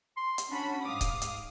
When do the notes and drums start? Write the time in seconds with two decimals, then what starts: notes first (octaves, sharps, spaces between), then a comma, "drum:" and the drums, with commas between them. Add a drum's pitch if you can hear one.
0.17 C6
0.38 drum: hi-hat
0.51 C#4 D4 F#4 B5
0.85 G#2 F5 D6 D#6
1.01 drum: kick C#1, hi-hat
1.22 drum: hi-hat